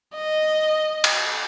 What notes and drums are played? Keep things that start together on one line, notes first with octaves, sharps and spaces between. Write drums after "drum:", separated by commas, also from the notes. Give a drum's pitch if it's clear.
D#5
drum: cymbal